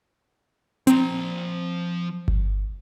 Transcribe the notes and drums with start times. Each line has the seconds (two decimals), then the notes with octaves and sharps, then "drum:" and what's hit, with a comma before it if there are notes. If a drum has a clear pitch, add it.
0.87 F3 C4 A#5, drum: hi-hat
2.28 drum: kick G1